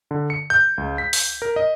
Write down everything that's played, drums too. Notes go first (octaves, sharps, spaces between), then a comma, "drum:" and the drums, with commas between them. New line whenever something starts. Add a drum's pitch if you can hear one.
D3
C#7
G6
C#2
B6
drum: open hi-hat
A#4
D#5